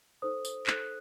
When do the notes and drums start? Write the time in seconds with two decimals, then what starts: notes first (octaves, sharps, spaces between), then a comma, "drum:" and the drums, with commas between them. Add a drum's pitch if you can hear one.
0.22 D#4 A4 C5 D#6
0.45 drum: tambourine
0.67 D#4 A4 C5 F#6, drum: clap